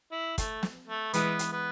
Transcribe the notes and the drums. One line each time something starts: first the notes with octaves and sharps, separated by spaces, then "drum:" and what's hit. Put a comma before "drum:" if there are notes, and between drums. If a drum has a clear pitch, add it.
E4
A3, drum: kick, hi-hat
drum: snare
A3
E3 G#3 B3, drum: hi-hat
drum: hi-hat
B3